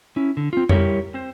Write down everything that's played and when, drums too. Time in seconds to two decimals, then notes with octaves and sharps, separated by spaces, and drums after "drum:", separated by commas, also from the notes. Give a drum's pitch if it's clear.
0.16 C#4 E4
0.37 D3
0.53 C4 F4
0.69 G3 E4 G4 A#4 C#5, drum: tom F2
1.14 C4 C5